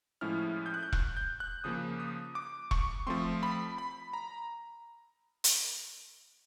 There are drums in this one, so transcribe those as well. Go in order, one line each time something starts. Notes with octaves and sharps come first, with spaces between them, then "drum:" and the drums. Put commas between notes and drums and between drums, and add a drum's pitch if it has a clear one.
A2 F3 G#3 C#4 E4 F6
G6
F#6
G6
F#6, drum: kick E1
G6
F#6
C#3 F3 A#3 D#6
D#6
D6
C#6, drum: kick E1
F3 A3 C4 C6
B5
B5
A#5
drum: hi-hat